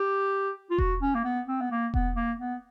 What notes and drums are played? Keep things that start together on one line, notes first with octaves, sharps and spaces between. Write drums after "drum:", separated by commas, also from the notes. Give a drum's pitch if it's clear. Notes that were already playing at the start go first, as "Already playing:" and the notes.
Already playing: G4
F4
F#4, drum: kick E1
C#4
A#3
B3
C4
B3
A#3
B3, drum: kick E1
A#3
B3